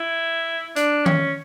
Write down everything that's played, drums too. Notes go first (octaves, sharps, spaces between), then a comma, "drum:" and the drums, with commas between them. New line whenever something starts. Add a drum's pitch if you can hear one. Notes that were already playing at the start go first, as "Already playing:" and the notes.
Already playing: E4
D4, drum: hi-hat
C#4, drum: tom D#3